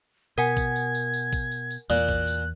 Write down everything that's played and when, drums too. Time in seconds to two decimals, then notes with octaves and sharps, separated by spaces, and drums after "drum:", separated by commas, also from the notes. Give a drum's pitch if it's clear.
0.38 B2 A#4 F#5 G#5 G#6, drum: tambourine
0.57 drum: kick, tambourine
0.76 drum: tambourine
0.95 drum: tambourine
1.14 drum: tambourine
1.33 drum: kick, tambourine
1.52 drum: tambourine
1.71 drum: tambourine
1.90 E2 A#2 F#6, drum: tambourine
2.09 drum: kick
2.28 drum: tambourine